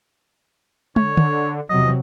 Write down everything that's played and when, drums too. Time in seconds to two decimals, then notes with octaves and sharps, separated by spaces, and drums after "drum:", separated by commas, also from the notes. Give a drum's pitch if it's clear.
0.96 D3 C#5, drum: tom
1.17 drum: tom D3
1.70 E2 C3 F3 F#3 D#5